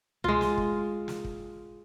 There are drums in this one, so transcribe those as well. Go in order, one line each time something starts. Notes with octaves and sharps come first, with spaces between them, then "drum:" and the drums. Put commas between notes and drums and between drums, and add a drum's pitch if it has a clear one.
G#3 F4, drum: tom C#2
drum: snare
drum: kick
drum: snare
drum: kick